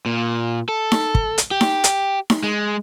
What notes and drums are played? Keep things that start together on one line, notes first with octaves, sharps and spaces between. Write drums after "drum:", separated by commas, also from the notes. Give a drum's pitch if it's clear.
A#2
A4
drum: snare D#4
drum: kick
drum: hi-hat
G4
drum: snare D#4
drum: hi-hat
drum: snare D#4
G#3